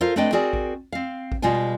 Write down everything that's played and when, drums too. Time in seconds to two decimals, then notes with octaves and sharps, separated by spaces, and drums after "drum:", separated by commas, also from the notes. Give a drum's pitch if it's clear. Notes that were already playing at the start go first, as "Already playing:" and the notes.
0.01 F4 A4 A#4 C5 F5
0.16 A3 C4 D4 B4 D#5 G5
0.32 C4 F#4 G#4 A#4 D5
0.53 drum: kick A1
0.92 C4 F5
1.32 drum: kick A1
1.42 B2 G3 G#3 F4 G#5